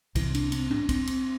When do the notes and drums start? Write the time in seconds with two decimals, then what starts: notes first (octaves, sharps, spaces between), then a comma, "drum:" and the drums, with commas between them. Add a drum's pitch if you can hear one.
0.15 C2 C3 E3, drum: kick, cymbal
0.34 D4, drum: cymbal
0.52 C4, drum: cymbal
0.70 D4, drum: tom
0.89 C4, drum: kick, cymbal
1.07 drum: cymbal